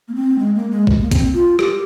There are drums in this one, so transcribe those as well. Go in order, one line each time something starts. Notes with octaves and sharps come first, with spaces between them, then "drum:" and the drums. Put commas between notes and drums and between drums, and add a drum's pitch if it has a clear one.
A#3
C4
G#3
A#3
G#3
drum: kick A#1
A#3
C4, drum: kick A#1, hi-hat
F4
G4, drum: rim click